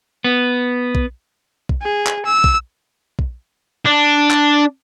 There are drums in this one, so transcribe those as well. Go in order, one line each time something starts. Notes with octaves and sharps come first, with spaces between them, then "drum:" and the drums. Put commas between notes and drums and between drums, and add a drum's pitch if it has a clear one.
B3
drum: kick
drum: kick
G#4
drum: clap
E6
drum: kick
drum: kick
D4
drum: clap